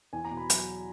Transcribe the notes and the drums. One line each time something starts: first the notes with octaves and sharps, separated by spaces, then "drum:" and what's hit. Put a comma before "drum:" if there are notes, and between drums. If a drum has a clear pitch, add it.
E2 G#5
A#5
B2
B5
F#3, drum: hi-hat